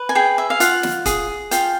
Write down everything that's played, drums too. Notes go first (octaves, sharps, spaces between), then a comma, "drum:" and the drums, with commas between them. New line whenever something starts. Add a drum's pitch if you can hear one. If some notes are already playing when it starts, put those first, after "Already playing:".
Already playing: B4
G#5
G#4 G5
E5
F5
F4 F#5, drum: hi-hat
drum: snare
G#4, drum: kick, hi-hat
F4 G5, drum: hi-hat